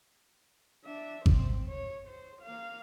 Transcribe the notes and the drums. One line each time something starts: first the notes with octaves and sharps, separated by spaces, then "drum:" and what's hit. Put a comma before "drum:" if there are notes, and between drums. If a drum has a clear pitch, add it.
D4 E5
C4 C5, drum: kick G#1
C#5
C5
A#3 F5